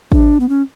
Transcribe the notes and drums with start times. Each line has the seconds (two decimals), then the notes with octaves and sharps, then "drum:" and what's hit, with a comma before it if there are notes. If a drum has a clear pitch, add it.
0.12 D4, drum: kick
0.40 B3
0.49 C#4